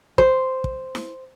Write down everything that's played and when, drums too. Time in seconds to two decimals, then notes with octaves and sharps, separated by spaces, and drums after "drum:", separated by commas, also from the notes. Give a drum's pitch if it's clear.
0.18 C5, drum: kick
0.64 drum: kick
0.95 drum: snare E4